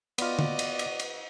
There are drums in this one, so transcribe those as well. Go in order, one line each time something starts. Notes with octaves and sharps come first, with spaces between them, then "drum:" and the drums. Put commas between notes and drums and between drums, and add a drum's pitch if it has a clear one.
B3 F4 F#4 D5 D#5, drum: cymbal
drum: tom D3
drum: cymbal
drum: cymbal
drum: cymbal